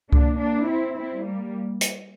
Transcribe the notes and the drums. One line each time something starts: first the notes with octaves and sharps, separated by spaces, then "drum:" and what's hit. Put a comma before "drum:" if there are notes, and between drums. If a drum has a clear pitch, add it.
A#3 D4, drum: kick C#2
A#3 D4
C4 E4
C4 E4
G3 A#3
drum: hi-hat